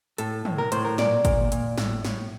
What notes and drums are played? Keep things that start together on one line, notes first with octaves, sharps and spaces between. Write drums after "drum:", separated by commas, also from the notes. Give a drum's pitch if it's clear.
A2 A4, drum: hi-hat
A2, drum: tom
A#4
A2 C5, drum: hi-hat
A#4
A#2 D5, drum: snare
A#2, drum: kick G#1, hi-hat
A#2, drum: hi-hat
A2, drum: snare
A2, drum: snare